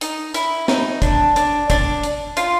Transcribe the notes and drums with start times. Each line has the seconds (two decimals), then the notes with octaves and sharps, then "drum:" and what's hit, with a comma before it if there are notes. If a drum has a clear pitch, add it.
0.01 D#4, drum: hi-hat
0.34 E4, drum: hi-hat
0.68 D#4, drum: snare
1.02 D4, drum: kick, hi-hat
1.36 D4, drum: hi-hat
1.70 D4, drum: kick, hi-hat
2.03 drum: hi-hat
2.37 F4, drum: hi-hat